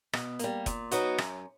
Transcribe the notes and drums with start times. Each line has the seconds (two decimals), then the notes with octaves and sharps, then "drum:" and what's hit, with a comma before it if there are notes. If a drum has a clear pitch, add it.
0.13 B2, drum: rim click
0.39 G3 A#3, drum: hi-hat
0.66 A#2, drum: kick, hi-hat
0.91 F#3 B3 D#4 F#4, drum: hi-hat
1.18 F#2, drum: rim click